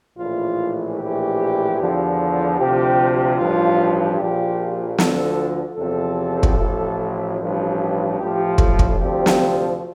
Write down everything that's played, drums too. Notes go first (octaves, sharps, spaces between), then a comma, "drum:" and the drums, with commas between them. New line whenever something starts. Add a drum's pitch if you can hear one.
A#1 A2 E3 F4
A#1 A2 E3 G4
E2 D3 F3
D2 C3 F3 G4
A1 G2 F3 F4
A#1 A#2 F3 G4
D2 D3 F3 A4, drum: snare
E2 C3 F3 A4
drum: kick
A1 A2 F3
A1 G2 F3
A1 A2 F3 G4
A4, drum: kick
drum: kick
D2 C3 F3 G4
drum: snare